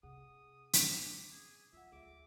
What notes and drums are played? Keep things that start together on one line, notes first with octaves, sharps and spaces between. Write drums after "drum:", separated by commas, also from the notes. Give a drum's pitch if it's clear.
C3 G#4 F#5 D#6
drum: hi-hat
D6
G#4
F3 F4 E5 F#5
D2 G#4 E5 D6